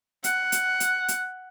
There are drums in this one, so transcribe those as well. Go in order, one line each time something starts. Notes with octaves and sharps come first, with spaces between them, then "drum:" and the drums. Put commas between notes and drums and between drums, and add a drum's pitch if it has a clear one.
F#5, drum: hi-hat
drum: hi-hat
drum: hi-hat
drum: hi-hat